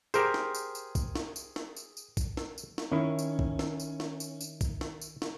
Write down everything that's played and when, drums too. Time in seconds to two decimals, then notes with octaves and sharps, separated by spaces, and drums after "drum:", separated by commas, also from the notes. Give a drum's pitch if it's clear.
0.14 G4 G#4 A#4 C5, drum: tambourine
0.34 drum: snare
0.55 drum: tambourine
0.75 drum: tambourine
0.95 drum: kick B1, tambourine
1.15 drum: snare
1.36 drum: tambourine
1.56 drum: snare
1.76 drum: tambourine
1.97 drum: tambourine
2.17 drum: kick B1, tambourine
2.37 drum: snare
2.58 drum: tambourine
2.78 drum: snare
2.92 D#3 C#4 E4
3.19 drum: tambourine
3.39 drum: kick B1
3.59 drum: snare
3.80 drum: tambourine
4.00 drum: snare
4.20 drum: tambourine
4.41 drum: tambourine
4.61 drum: kick B1, tambourine
4.81 drum: snare
5.01 drum: tambourine
5.22 drum: snare